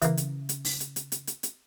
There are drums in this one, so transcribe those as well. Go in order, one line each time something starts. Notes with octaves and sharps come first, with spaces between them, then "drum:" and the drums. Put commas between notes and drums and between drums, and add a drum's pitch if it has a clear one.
C#3 E3 A#3 C#4, drum: hi-hat
drum: hi-hat
drum: hi-hat
drum: open hi-hat
drum: hi-hat
drum: hi-hat
drum: hi-hat
drum: hi-hat
drum: hi-hat